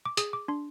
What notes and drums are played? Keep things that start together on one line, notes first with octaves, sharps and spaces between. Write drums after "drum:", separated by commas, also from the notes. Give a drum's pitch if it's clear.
D6
G#4 D#6, drum: hi-hat
D6
D4 C6